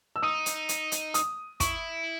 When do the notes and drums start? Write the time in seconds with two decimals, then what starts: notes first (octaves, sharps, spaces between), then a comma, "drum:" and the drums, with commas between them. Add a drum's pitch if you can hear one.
0.16 E6
0.22 D#4 D#6
0.46 drum: hi-hat
0.69 drum: hi-hat
0.92 drum: hi-hat
1.14 D#6, drum: hi-hat
1.60 E4 C#6, drum: kick, hi-hat